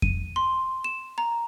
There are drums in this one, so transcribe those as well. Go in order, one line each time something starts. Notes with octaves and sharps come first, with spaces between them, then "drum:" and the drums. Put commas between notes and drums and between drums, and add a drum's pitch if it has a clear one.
D#7, drum: kick F2
C6
E7
A#5